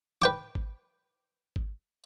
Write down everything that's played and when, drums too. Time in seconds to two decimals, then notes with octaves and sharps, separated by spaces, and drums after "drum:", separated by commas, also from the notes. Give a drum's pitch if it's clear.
0.22 B4 G5 D6
0.55 drum: kick G#1
1.56 drum: kick G#1